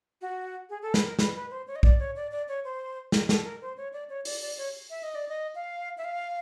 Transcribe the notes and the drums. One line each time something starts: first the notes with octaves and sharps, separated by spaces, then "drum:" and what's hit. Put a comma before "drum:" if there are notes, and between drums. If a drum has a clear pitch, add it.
F#4
G#4
A4
B4, drum: snare
A#4
B4, drum: snare
B4
C5
C#5
D#5
D5, drum: kick B1
C#5
D5
D5
C#5
C5
A#4, drum: snare
A4, drum: snare
A#4
C5
C#5
D5
C#5
D5, drum: open hi-hat
D5
C#5
E5
D#5
D5
D#5
F5
E5
F5